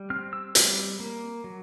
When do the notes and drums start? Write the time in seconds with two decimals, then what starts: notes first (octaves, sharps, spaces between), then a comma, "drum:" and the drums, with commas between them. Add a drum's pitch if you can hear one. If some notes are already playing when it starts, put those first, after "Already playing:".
Already playing: G3
0.10 C4 F6
0.33 E6
0.55 G3, drum: hi-hat
1.00 A#3
1.44 F#3